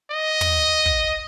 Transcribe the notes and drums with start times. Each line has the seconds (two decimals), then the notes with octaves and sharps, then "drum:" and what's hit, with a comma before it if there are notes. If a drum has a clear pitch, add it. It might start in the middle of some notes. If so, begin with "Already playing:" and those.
0.11 D#5
0.41 drum: tom
0.86 drum: kick